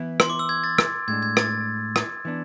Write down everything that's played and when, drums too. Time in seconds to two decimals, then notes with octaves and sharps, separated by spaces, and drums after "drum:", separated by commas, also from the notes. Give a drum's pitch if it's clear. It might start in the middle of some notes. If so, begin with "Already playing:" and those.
Already playing: E3 B3 E4
0.20 C6, drum: rim click
0.30 D6
0.39 E6
0.49 G#6
0.64 A6
0.78 drum: rim click
1.08 A2 G#3 D4 G#6
1.23 G#6
1.37 A6, drum: rim click
1.96 drum: rim click
2.25 E3 B3 D4